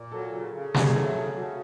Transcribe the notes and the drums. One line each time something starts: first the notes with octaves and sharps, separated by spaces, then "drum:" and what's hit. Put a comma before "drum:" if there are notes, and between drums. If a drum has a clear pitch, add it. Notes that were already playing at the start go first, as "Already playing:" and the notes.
Already playing: A#2
F#3 A4
C#3
C#3
A3 G#4, drum: snare
F#3 A4
C#3 A4
C#3 F#4